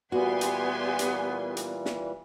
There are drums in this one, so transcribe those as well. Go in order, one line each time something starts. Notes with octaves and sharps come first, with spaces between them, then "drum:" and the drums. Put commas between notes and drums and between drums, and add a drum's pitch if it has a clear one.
A#2 E3 G3 B3 F#4 G4 G#5 C6
drum: hi-hat
drum: hi-hat
drum: hi-hat
drum: snare